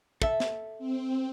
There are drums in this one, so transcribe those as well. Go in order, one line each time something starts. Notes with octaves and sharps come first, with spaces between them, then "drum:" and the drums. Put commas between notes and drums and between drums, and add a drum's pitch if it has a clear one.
A4 E5, drum: kick
drum: snare
C4